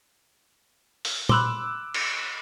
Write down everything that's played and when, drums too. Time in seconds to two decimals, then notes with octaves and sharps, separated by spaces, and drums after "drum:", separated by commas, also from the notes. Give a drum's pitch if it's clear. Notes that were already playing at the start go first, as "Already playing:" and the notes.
1.05 drum: open hi-hat
1.29 B5 C6 D6 E6 F#6, drum: tom A#2
1.94 drum: cymbal